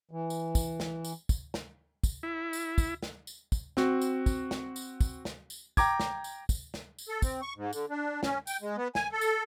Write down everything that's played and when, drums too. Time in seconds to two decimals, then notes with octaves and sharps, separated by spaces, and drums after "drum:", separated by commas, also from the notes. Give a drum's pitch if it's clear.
0.11 E3
0.30 drum: tambourine
0.55 drum: kick, tambourine
0.80 drum: snare
1.05 drum: tambourine
1.29 drum: kick, tambourine
1.54 drum: snare
2.04 drum: kick, tambourine
2.23 E4
2.53 drum: tambourine
2.78 drum: kick, tambourine
3.03 drum: snare
3.27 drum: tambourine
3.52 drum: kick, tambourine
3.77 C4 F#4, drum: snare
4.02 drum: tambourine
4.26 drum: kick, tambourine
4.51 drum: snare
4.76 drum: tambourine
5.01 drum: kick, tambourine
5.25 drum: snare
5.50 drum: tambourine
5.77 G5 A#5 D6 G#6, drum: kick, tambourine
6.00 drum: snare
6.24 drum: tambourine
6.49 drum: kick, tambourine
6.74 drum: snare
6.99 drum: tambourine
7.09 A4
7.22 C4, drum: kick, tambourine
7.42 C#6
7.56 G#2
7.73 D3, drum: tambourine
7.89 D4
8.23 C#4, drum: snare
8.47 G5, drum: tambourine
8.62 G#3
8.77 B3
8.95 G#5, drum: snare
9.12 A4
9.21 drum: tambourine